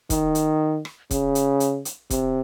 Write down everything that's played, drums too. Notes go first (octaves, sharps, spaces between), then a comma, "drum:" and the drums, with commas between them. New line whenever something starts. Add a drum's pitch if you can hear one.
D#3, drum: kick E1, hi-hat
drum: hi-hat
drum: rim click
C#3, drum: kick E1, hi-hat
drum: hi-hat
drum: hi-hat
drum: hi-hat
C3, drum: kick E1, hi-hat